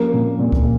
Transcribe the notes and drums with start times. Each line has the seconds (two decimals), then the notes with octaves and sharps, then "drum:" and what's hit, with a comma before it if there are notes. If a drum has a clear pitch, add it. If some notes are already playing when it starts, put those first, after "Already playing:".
Already playing: F3 A#3 C#4 A#4
0.13 A#2
0.39 A#2
0.52 drum: kick C#2